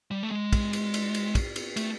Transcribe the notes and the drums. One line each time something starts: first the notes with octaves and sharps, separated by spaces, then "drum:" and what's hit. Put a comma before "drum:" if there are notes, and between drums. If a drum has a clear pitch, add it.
G3
A3
G#3
drum: kick, cymbal
drum: cymbal
drum: cymbal
drum: cymbal
drum: kick, cymbal
drum: cymbal
A3, drum: cymbal